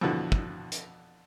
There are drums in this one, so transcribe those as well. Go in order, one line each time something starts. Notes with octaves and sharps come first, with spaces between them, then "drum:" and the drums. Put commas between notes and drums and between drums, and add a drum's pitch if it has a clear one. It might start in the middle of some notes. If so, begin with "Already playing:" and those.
F2 B2 D3 E3
drum: kick
drum: hi-hat